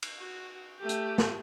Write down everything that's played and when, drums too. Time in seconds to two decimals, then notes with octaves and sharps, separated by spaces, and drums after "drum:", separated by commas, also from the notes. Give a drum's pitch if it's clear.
0.03 drum: cymbal
0.19 F#4
0.79 A3 G4
0.89 drum: hi-hat
1.18 drum: snare